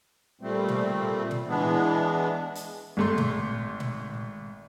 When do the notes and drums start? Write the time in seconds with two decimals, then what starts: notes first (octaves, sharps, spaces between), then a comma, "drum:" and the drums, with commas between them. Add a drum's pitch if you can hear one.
0.41 A#2 G3 A3 C4
0.68 drum: tom A#2
1.31 drum: tom A#2
1.47 E3 G#3 B3 D4
2.55 drum: hi-hat
2.97 G#1 A3 C6
3.18 drum: tom A#2
3.80 drum: tom A#2